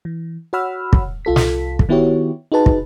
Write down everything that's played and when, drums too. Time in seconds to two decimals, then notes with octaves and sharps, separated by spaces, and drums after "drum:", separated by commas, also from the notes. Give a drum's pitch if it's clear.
0.05 E3
0.53 F#4 C#5 F#5 B5 E6 F6
0.93 drum: kick
1.25 C2 F4 A4 B6
1.36 drum: snare
1.79 drum: kick
1.89 D#3 B3 E4 F#4 G4 C#5
2.52 D#4 F#4 G#4 B4 A5
2.66 drum: kick